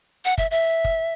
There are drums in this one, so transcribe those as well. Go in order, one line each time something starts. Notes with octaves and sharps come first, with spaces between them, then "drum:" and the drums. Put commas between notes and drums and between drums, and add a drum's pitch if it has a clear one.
F#5
E5, drum: kick
E5
drum: kick